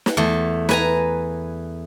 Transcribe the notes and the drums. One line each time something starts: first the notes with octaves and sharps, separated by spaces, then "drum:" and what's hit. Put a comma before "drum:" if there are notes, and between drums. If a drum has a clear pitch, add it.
drum: snare
E2 A3
B4 G#5 A#5, drum: snare